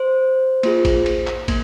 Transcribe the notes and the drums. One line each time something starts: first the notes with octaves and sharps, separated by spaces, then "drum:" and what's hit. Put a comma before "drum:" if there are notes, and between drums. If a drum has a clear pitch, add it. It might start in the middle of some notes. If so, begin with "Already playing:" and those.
Already playing: C5
A#3 F4 G#4, drum: cymbal
drum: kick, cymbal
drum: cymbal
drum: clap
A#3, drum: kick, cymbal